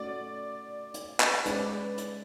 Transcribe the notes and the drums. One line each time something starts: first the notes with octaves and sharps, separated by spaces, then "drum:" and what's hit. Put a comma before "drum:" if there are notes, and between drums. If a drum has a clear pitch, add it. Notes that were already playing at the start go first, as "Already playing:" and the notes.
Already playing: A3 C#4 F#4 D5
drum: hi-hat
drum: clap
G#3 C#4 G#4 B4 D5, drum: hi-hat
drum: hi-hat